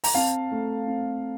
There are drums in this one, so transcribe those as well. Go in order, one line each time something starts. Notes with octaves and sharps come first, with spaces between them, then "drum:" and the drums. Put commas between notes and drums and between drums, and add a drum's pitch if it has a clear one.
A#5, drum: open hi-hat
C4 F5 A5
A3
C4